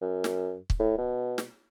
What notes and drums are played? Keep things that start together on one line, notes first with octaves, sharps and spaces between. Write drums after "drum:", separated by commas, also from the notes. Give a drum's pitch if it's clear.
F#2
drum: snare
drum: kick
A2
B2
drum: snare